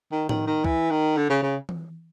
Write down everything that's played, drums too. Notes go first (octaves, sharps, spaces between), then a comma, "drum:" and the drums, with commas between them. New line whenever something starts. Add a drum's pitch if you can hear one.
D#3
D#3, drum: tom A2
D#3
E3, drum: kick C#2
D#3
D3
C#3
C#3
drum: tom E3